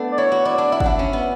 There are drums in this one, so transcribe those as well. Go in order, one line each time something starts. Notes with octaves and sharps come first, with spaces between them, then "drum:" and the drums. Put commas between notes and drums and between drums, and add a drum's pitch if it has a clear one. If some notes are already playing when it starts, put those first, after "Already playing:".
Already playing: A3 B3 D4
D5
E4 C#5
F#4
E4 D5
D4
E4 E5
F#5, drum: kick G1
D4 E5
C#4
B3